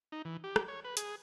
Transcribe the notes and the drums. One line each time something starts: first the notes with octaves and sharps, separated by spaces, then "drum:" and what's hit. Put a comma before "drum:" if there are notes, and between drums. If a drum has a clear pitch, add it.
D#4
E3
G4
drum: rim click
C#5
B4
G#4, drum: hi-hat